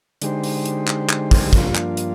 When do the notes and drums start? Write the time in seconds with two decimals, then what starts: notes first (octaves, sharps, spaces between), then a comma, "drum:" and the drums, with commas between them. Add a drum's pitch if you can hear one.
0.22 D3 G#3 D#4 G4 C5, drum: hi-hat
0.44 drum: open hi-hat
0.65 drum: hi-hat
0.87 drum: clap
1.09 drum: clap
1.31 drum: kick, open hi-hat
1.53 G2 F3 A#3 D4 F4, drum: kick, hi-hat
1.75 drum: clap
1.97 drum: hi-hat